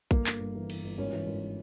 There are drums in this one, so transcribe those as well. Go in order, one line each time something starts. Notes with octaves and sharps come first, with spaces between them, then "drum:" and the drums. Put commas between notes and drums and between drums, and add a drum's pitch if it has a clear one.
G1 A#3, drum: kick A#1
G1, drum: clap
G2
E3
E3, drum: cymbal
G1
G#1 C#4
E3
G#1